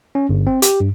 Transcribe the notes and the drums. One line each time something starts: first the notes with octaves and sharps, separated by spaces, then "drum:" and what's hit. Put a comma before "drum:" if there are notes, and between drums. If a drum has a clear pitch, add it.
C#4
G1
C4
G4, drum: hi-hat
G2